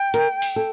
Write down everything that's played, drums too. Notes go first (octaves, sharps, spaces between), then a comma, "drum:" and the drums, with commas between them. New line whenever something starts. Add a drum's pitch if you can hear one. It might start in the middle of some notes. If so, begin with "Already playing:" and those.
Already playing: G5
A#4, drum: hi-hat
drum: open hi-hat
A4